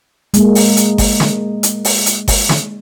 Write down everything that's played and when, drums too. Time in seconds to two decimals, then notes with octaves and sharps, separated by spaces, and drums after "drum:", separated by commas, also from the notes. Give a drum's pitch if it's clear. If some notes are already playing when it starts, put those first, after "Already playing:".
0.34 G#3 A#3, drum: hi-hat
0.55 drum: open hi-hat
0.77 drum: hi-hat
0.98 drum: kick G1, open hi-hat
1.20 drum: snare
1.63 drum: hi-hat
1.85 drum: open hi-hat
2.06 drum: hi-hat
2.28 drum: kick G1, open hi-hat
2.49 drum: snare